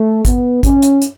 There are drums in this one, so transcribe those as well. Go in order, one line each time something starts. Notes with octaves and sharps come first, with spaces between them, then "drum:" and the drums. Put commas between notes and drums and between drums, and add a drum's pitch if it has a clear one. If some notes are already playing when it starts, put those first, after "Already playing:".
Already playing: A3
B3, drum: kick, hi-hat
C#4, drum: kick, hi-hat
drum: hi-hat
drum: hi-hat